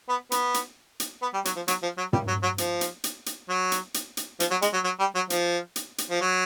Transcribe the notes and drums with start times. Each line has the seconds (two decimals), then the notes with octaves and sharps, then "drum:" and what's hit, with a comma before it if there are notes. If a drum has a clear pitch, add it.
0.09 B3
0.32 B3, drum: hi-hat
0.54 drum: hi-hat
1.00 drum: hi-hat
1.22 B3
1.34 G3
1.45 F#3, drum: hi-hat
1.56 F3
1.68 F#3, drum: hi-hat
1.83 F3
1.98 F#3
2.13 G3, drum: tom
2.28 F#3
2.43 F#3
2.58 F3, drum: hi-hat
2.81 drum: hi-hat
3.04 drum: hi-hat
3.26 drum: hi-hat
3.49 F#3
3.72 drum: hi-hat
3.94 drum: hi-hat
4.17 drum: hi-hat
4.40 F3, drum: hi-hat
4.51 F#3
4.62 G#3, drum: hi-hat
4.74 F#3
4.85 F#3
5.00 G3
5.15 F#3
5.30 F3, drum: hi-hat
5.76 drum: hi-hat
5.98 drum: hi-hat
6.11 F3
6.22 F#3